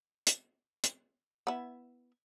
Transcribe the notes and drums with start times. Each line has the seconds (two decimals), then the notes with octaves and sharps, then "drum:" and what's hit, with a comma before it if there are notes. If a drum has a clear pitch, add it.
0.27 drum: hi-hat
0.84 drum: hi-hat
1.47 B3 E4